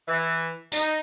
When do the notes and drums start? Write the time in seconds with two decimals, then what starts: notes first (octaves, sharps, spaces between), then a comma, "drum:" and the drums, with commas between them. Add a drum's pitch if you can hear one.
0.08 E3
0.72 D#4, drum: tambourine